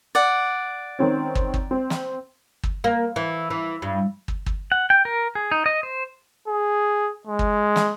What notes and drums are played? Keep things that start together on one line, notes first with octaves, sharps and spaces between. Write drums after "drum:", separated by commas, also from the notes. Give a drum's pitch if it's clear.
D5 F#5
D#3 C4 C#4
drum: kick
drum: kick
C4
drum: snare
drum: kick
A#3
E3
E3
G2
drum: kick
drum: kick
F#5
G5
A#4
G#4
D#4
D#5
C5
G#4
G#3
drum: kick
drum: snare